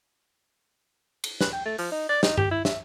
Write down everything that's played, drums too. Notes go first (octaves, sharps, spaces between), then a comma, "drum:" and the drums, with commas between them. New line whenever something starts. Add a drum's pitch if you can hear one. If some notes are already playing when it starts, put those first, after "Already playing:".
drum: cymbal
B4, drum: snare
G5
A3
F3, drum: open hi-hat
D#4
D5
D#4, drum: snare
G4, drum: tom G2
E4
E5, drum: snare